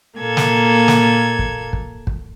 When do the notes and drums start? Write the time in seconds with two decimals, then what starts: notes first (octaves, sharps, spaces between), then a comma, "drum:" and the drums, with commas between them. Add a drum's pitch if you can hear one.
0.20 A#2 A#3 A4 G#6
0.37 drum: snare
0.88 drum: snare
1.39 drum: kick
1.73 drum: kick
2.07 drum: kick